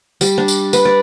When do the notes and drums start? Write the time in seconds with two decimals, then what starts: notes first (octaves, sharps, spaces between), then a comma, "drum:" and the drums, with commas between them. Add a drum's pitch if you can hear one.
0.21 G3, drum: tambourine
0.38 D4
0.48 drum: tambourine
0.73 B4, drum: tambourine
0.85 D5